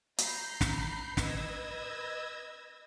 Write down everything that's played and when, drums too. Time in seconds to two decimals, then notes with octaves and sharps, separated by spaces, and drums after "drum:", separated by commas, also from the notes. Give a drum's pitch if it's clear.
0.18 A#5 B5 G6 C7, drum: hi-hat
0.61 drum: snare
1.17 B4 D#5 E6 G#6 A#6, drum: snare